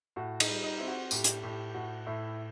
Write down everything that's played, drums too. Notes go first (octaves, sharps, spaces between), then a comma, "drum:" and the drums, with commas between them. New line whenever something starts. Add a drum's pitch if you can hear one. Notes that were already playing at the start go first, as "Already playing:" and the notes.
A2 F#4
D#4, drum: cymbal
G3
D#4
C4 E4
F#4
A2 G4, drum: tambourine
drum: hi-hat
A2 G4
A2 F#4
A2 E4